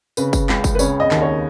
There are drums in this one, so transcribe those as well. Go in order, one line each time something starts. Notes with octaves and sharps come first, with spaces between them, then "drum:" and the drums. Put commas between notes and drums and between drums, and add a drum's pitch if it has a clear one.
C#3 B4, drum: tambourine
drum: kick F#1, tambourine
C#2, drum: clap
drum: kick F#1, tambourine
B4
C#3 C#5, drum: tambourine
D#5
D#2, drum: clap
C#5